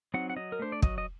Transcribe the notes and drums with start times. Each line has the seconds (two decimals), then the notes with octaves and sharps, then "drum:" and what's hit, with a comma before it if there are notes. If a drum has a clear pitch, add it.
0.14 F#3 C4 D#4 F#5
0.30 F#5
0.36 F#3 D#5
0.52 A#4
0.59 A3 D4 C5
0.72 D5
0.82 F#3 D#5, drum: kick
0.98 D#5